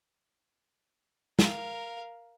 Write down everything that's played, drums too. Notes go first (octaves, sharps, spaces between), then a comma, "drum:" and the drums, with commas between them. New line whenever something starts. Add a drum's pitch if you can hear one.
A#4 F5, drum: snare